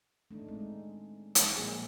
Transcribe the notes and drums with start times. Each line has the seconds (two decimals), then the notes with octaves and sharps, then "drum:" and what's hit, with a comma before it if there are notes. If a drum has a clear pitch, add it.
0.31 A3 D4 D#4
0.48 G#3 C4 D#4
1.35 drum: hi-hat
1.56 A#1 G#3 D#6